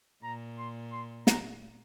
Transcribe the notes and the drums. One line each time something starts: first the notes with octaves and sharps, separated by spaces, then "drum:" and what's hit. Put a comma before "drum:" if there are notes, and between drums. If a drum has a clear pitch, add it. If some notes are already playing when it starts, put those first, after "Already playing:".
A#2 A#5
C6
C6
A#5, drum: snare